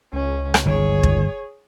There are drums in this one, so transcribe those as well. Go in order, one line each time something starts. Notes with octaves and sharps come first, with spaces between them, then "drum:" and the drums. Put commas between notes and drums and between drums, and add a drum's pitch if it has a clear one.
C#2 C#4
drum: rim click
G1 D#3 G#4 C#5
drum: kick